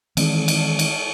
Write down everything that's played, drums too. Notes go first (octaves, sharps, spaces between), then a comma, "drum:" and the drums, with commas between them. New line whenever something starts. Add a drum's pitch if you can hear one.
D#3 E3 G#3 C4, drum: cymbal
drum: cymbal
drum: cymbal